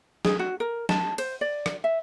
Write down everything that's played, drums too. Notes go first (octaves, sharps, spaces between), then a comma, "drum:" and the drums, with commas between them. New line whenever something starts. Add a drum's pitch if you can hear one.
G#4, drum: snare
F#4
A#4
A5, drum: snare
C5, drum: cymbal
D5
drum: rim click
E5